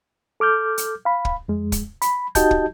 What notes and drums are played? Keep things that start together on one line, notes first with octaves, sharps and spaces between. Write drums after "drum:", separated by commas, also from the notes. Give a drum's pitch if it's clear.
A4 D6 F6 G6
drum: hi-hat
F5 B5
drum: kick
F2 G#3
drum: kick, hi-hat
B5, drum: hi-hat
D#4 F#4 G4 D#5 A5 G6, drum: kick, hi-hat
drum: kick